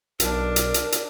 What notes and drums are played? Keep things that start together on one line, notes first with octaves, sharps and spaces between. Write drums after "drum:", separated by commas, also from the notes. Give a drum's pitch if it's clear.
B1 D4 A#4, drum: hi-hat
drum: hi-hat
drum: hi-hat
drum: hi-hat